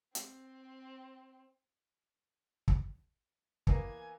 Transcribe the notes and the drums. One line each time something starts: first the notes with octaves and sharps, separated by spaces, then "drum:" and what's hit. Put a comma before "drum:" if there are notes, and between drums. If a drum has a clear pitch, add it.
C4, drum: hi-hat
drum: kick
E3 A#3 B3 G#5, drum: kick